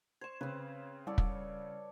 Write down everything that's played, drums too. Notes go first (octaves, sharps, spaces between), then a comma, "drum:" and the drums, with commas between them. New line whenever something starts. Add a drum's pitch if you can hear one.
C5 C#6 G#6 E7
C#3 C4 B4
G3 A4 C#5 D5
drum: kick